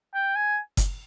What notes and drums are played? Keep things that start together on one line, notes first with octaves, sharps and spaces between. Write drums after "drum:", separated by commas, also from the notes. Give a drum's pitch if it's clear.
G5
G#5
drum: kick F#1, hi-hat